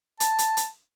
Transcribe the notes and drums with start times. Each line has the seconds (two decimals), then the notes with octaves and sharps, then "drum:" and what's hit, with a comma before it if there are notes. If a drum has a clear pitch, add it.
0.20 A5, drum: hi-hat
0.38 drum: hi-hat
0.57 drum: hi-hat